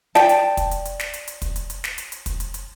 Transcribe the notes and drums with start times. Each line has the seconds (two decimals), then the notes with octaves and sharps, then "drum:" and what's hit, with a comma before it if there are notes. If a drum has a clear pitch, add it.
0.15 D5 G5 A5, drum: snare
0.29 drum: hi-hat
0.57 drum: kick, hi-hat
0.71 drum: hi-hat
0.85 drum: hi-hat
0.99 drum: snare
1.14 drum: hi-hat
1.28 drum: hi-hat
1.42 drum: kick, hi-hat
1.56 drum: hi-hat
1.70 drum: hi-hat
1.84 drum: snare
1.98 drum: hi-hat
2.12 drum: hi-hat
2.26 drum: kick, hi-hat
2.40 drum: hi-hat
2.54 drum: hi-hat